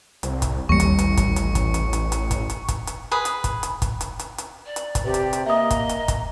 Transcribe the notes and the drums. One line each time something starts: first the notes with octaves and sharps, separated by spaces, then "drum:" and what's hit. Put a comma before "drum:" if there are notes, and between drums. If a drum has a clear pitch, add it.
C2, drum: hi-hat
drum: kick, hi-hat
A1 D#2 G3 C#6 C#7
drum: hi-hat
drum: hi-hat
drum: kick, hi-hat
drum: hi-hat
drum: kick, hi-hat
drum: hi-hat
drum: hi-hat
drum: hi-hat
drum: kick, hi-hat
drum: hi-hat
drum: kick, hi-hat
drum: hi-hat
G#4 B4 D#6
drum: hi-hat
drum: kick, hi-hat
drum: hi-hat
drum: kick, hi-hat
drum: hi-hat
drum: hi-hat
drum: hi-hat
D5
drum: hi-hat
drum: kick, hi-hat
C3 G4 B4
drum: hi-hat
drum: hi-hat
A#3 D#5 E5 A#5 D#6
drum: kick, hi-hat
drum: hi-hat
drum: kick, hi-hat